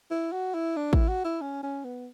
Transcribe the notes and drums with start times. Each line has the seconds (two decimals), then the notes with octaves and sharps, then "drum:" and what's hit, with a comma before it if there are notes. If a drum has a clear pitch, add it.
0.11 E4
0.32 F#4
0.54 E4
0.76 D4
0.93 E4, drum: kick
1.08 F#4
1.25 E4
1.41 C#4
1.63 C#4
1.84 B3